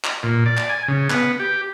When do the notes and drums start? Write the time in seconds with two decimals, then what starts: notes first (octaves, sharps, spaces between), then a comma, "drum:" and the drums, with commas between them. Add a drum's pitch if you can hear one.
0.04 drum: clap
0.23 A#2
0.46 D5
0.57 drum: clap
0.69 G#5
0.88 C#3
1.10 B3, drum: clap
1.40 G4